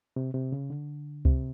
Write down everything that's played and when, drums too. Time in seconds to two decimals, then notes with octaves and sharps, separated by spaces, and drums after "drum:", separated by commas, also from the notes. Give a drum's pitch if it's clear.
0.16 C3
0.34 C3
0.52 C#3
0.70 D3
1.25 C3, drum: kick C#2